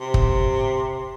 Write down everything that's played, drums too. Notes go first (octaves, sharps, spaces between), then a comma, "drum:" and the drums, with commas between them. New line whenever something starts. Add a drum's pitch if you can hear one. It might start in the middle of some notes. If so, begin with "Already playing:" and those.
C3
drum: kick